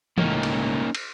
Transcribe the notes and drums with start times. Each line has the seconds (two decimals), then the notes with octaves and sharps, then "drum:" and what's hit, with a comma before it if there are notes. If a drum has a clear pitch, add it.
0.18 C#2 A2 A#3 C#4 D#4, drum: tom E3
0.43 drum: cymbal
0.95 drum: cymbal